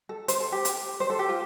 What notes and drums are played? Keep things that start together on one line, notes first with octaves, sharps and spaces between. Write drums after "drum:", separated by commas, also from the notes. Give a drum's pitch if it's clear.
A4
C5, drum: hi-hat
A4
G4
drum: hi-hat
C5
A4
G4
F4